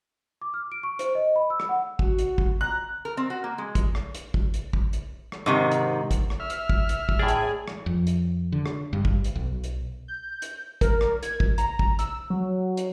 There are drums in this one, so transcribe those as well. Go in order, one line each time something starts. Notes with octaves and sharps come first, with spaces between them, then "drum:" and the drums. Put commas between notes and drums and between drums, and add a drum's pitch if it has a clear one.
D6
F6
D7
C#6
C5, drum: hi-hat
D#5
B5
E6
drum: rim click
F#5
F#4, drum: kick
drum: hi-hat
drum: kick
A#5 F#6
A#4
C4
F#4
A#3
G#3
drum: kick, hi-hat
drum: rim click
drum: hi-hat
drum: kick
drum: hi-hat
drum: kick
drum: hi-hat
drum: rim click
G#2 C3 D#3
drum: hi-hat
drum: kick, hi-hat
drum: rim click
E5 F6
drum: hi-hat
drum: kick
drum: hi-hat
drum: kick
A2 G#4 D5
drum: hi-hat
drum: rim click
F2
drum: hi-hat
D3
drum: rim click
G2
drum: kick
drum: hi-hat
B1
drum: hi-hat
G6
drum: hi-hat
A#4, drum: kick, hi-hat
drum: rim click
G#6, drum: hi-hat
drum: kick
A#5, drum: hi-hat
drum: kick
E6, drum: hi-hat
F#3
drum: hi-hat